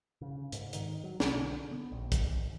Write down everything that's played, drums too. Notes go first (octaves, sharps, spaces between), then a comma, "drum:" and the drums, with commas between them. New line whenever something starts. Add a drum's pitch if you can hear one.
C#3
G#2, drum: hi-hat
D#3, drum: hi-hat
F#3
B1, drum: snare
D3
B3
A#1
drum: kick, hi-hat
G#1